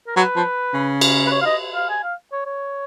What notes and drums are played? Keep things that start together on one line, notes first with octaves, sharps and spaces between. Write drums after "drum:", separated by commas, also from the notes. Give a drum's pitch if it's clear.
A#4
F#3 B4
F3
C#3
drum: cymbal
B4
C#5
F5
D#5
F5
G#5
F5
C#5
C#5